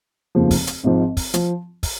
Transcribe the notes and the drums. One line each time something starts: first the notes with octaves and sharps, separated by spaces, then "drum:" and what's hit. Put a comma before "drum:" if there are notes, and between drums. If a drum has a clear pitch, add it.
F1 D#2 C#3 F3
drum: kick, open hi-hat
drum: hi-hat
G#1 G#2 F3
drum: kick, open hi-hat
F3, drum: hi-hat
drum: kick, open hi-hat